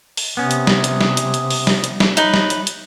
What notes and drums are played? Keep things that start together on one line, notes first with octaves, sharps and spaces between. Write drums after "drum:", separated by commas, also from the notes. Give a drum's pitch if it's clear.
drum: open hi-hat
C3 B3 C#4 D#6
drum: hi-hat
drum: snare
drum: hi-hat
drum: snare
drum: hi-hat
drum: hi-hat
drum: open hi-hat
drum: snare
drum: hi-hat
drum: snare
D#4 B4 C#5, drum: hi-hat
drum: snare
drum: hi-hat
drum: hi-hat